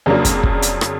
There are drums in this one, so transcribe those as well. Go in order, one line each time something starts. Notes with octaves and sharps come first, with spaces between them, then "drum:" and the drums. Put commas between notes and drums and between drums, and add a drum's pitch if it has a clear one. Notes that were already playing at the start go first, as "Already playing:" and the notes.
F2 C#3 F#3 A#3 D4
drum: kick, hi-hat
drum: kick
drum: hi-hat
drum: rim click